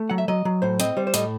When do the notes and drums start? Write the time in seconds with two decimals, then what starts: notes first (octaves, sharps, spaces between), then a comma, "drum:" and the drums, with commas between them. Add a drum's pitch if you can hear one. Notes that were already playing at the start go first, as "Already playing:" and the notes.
Already playing: A3
0.10 F#3 F#5
0.18 E5
0.28 F#3 D#5
0.45 F#3
0.62 A2 C5
0.80 C4 D#5, drum: hi-hat
0.97 G3 C5
1.07 C5
1.14 A2 D#5, drum: hi-hat